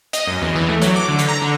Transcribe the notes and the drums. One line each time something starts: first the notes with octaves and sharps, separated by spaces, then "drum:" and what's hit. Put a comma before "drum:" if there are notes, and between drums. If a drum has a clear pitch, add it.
D#5, drum: hi-hat
F#2
E2
E3
A3
F#3, drum: hi-hat
D6
D3
drum: hi-hat
A#5
D3